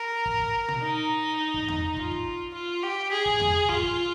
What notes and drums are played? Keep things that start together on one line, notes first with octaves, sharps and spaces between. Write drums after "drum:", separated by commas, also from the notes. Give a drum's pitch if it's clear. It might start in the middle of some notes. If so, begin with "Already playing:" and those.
Already playing: A#4
drum: kick
drum: kick
drum: tom A#2
D#4
drum: kick
drum: tom E2
F4, drum: kick
drum: kick
F4
G4
G#4
drum: kick
drum: tom E2
F4, drum: kick
drum: kick